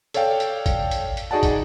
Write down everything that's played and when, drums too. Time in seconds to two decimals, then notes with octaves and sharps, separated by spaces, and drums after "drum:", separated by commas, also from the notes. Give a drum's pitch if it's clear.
0.14 A4 C#5 D5 F5 G5, drum: hi-hat
0.40 drum: hi-hat
0.66 drum: kick, hi-hat
0.91 drum: hi-hat
1.17 drum: hi-hat
1.31 D#4 F#4 G#4 D5 F#5 A5
1.43 drum: kick, hi-hat